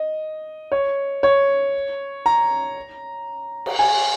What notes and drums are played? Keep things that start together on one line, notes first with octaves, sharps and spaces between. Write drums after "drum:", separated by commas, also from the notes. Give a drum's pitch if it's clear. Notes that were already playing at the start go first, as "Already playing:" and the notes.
Already playing: D#5
C#5
C#5
A#5
drum: cymbal
G#5